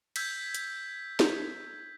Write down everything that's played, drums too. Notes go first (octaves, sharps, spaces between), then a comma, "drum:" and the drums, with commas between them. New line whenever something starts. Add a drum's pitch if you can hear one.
E6 G6 G#6 B6, drum: cymbal
drum: hi-hat
drum: snare